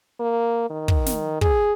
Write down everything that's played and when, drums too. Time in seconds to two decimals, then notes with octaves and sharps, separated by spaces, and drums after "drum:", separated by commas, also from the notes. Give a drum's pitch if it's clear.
0.20 A#3
0.70 D#3
0.88 drum: kick
1.06 drum: snare
1.41 G#4, drum: kick